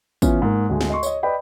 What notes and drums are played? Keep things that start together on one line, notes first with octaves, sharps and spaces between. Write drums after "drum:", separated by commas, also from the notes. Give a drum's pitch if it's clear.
E3 B3 C#4 E4 F4, drum: kick, tambourine
G#2 A#3
D2 G#3
drum: snare
D#5 C6 C#6
C#5 D#5, drum: tambourine
B4 D5 D#5 G5 B5